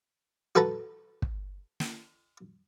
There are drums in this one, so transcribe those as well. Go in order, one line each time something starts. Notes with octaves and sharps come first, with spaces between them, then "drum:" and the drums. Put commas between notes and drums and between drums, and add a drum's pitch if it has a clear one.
F#4 A4 B4 A5 A#5
drum: kick
drum: snare